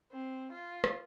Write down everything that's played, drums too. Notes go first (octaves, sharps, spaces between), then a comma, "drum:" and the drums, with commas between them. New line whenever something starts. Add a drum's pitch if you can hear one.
C4
F4
drum: rim click